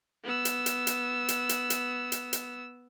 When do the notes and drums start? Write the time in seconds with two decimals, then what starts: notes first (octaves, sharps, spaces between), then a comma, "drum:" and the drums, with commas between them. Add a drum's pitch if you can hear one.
0.24 B3 E6
0.45 drum: hi-hat
0.66 drum: hi-hat
0.87 drum: hi-hat
1.28 drum: hi-hat
1.49 drum: hi-hat
1.70 drum: hi-hat
2.12 drum: hi-hat
2.33 drum: hi-hat